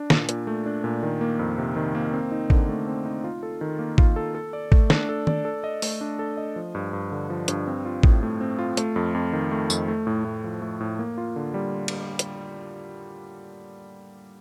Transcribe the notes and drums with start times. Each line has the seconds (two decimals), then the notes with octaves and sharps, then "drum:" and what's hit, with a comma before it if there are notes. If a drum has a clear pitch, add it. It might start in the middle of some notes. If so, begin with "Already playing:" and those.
Already playing: D4
0.10 A#2, drum: snare
0.29 A#2, drum: hi-hat
0.47 A3
0.66 D4
0.84 A#2
1.03 D#3
1.21 A#3
1.39 F2
1.58 C3
1.76 D#3
1.95 A#3
2.13 C4
2.32 D#4
2.50 D3, drum: kick
2.69 A3
2.87 C4
3.05 D#4
3.24 F4
3.43 A4
3.61 D#3
3.79 A#3
3.98 F4, drum: kick
4.16 A4
4.35 A4
4.53 D5
4.72 A3, drum: kick
4.90 D4, drum: snare
5.09 A4
5.27 D5, drum: tom D#3
5.45 A4
5.64 D#5
5.82 A3, drum: open hi-hat
6.01 D4
6.19 A4
6.37 D#5
6.56 F3
6.75 G2
6.93 G2
7.12 D3
7.30 F3
7.48 G2, drum: hi-hat
7.67 C4
7.85 F4
8.03 A2, drum: kick
8.23 A3
8.41 C4
8.59 F4
8.77 A3, drum: hi-hat
8.96 F2
9.15 F2
9.33 D#3
9.51 A3
9.70 F2, drum: tambourine
9.88 A3
10.07 A2
10.25 A2
10.44 F3
10.62 A3
10.80 A2
10.99 A#3
11.18 F4
11.36 D3
11.54 G3
11.88 drum: cymbal
12.19 drum: hi-hat